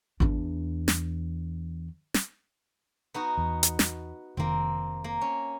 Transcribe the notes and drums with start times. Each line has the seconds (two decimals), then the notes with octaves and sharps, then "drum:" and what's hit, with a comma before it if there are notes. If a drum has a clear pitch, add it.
0.20 E2 D4, drum: kick G#1
0.88 drum: snare
2.14 drum: snare
3.14 B3 D#4 F#4
3.38 E2
3.63 drum: hi-hat
3.79 drum: snare
4.37 F1 D#3 A#3 C4
5.04 A#3
5.21 C#4